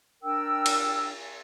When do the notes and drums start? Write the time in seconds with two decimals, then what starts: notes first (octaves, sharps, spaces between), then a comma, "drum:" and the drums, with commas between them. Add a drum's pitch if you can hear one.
0.22 D4 A#4 G5 E6
0.66 drum: cymbal